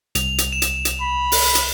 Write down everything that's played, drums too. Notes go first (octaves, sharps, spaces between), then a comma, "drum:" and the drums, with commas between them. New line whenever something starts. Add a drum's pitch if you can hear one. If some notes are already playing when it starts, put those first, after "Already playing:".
C2 F7, drum: hi-hat
drum: hi-hat
E7
drum: hi-hat
drum: hi-hat
B5
drum: open hi-hat
drum: hi-hat